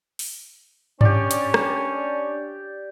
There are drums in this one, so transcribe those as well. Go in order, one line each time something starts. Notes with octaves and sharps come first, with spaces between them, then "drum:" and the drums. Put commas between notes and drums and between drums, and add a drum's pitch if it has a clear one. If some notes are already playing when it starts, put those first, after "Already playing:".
drum: open hi-hat
C#4 D4 G4 D5, drum: tom G2
drum: hi-hat
drum: rim click